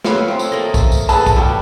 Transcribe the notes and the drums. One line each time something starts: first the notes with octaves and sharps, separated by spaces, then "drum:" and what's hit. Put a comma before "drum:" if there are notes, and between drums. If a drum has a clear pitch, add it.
F4 F#4 A4 B4 C#5 F5, drum: snare
F3 C4
drum: tambourine
A3 A#3 D#5
drum: kick, tambourine
drum: tambourine
G#4 A4 B4 A5, drum: tambourine
drum: kick, tambourine
G3 B3 F#4